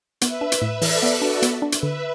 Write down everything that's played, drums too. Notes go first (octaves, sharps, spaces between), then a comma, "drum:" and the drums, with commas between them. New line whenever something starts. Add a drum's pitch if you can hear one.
B3 B4 E5, drum: hi-hat
D4
drum: hi-hat
A2
E3 A4 D5, drum: open hi-hat
B3
F#4 B4
D4
B3, drum: hi-hat
D4
B4 E5, drum: hi-hat
D3